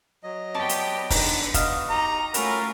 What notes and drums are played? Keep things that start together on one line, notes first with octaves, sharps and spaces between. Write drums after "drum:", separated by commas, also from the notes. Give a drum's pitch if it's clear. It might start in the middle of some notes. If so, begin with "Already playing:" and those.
F#3 D#5
B3 G4 D5 G5 A5 C#6
drum: hi-hat
D3 B3 D#4 B4 A#5, drum: kick, open hi-hat
F#4 D#5 F5, drum: kick, hi-hat
D#4 G4 A#5
A3 C#4 F4 F#4 A#4 B5, drum: hi-hat